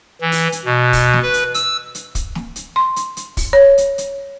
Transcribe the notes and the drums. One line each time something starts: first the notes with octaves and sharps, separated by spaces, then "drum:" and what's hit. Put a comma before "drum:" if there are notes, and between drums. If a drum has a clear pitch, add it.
E3
drum: open hi-hat
drum: hi-hat
B2
drum: kick, open hi-hat
drum: snare
B4
drum: hi-hat
E6, drum: hi-hat
drum: hi-hat
drum: kick, hi-hat
drum: snare
drum: hi-hat
C6
drum: hi-hat
drum: hi-hat
drum: kick, open hi-hat
C#5
drum: hi-hat
drum: hi-hat